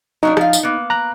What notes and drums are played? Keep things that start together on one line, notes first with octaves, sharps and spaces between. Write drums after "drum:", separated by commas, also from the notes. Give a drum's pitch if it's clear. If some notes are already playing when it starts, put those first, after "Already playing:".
F#3 A#3 D4 D#4
F3 F5, drum: rim click
drum: tambourine
A#3 B3
A#5 F#6